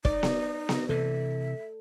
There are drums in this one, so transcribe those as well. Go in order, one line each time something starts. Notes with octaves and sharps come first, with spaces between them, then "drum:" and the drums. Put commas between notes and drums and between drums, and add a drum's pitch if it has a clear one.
D#4 D5, drum: kick
drum: snare B3
drum: snare B3
C3 E3 A4 E5